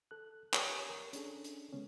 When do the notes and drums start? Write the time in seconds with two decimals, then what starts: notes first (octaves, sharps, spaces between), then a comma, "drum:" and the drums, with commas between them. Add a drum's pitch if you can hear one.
0.11 A4 F#6
0.54 G4 A#4 C#5 G#5 C#6 D#6, drum: clap
0.89 A#4
1.13 C#4 D4 G#4 A4, drum: hi-hat
1.44 drum: hi-hat
1.73 C#3 G#3 B3 C#4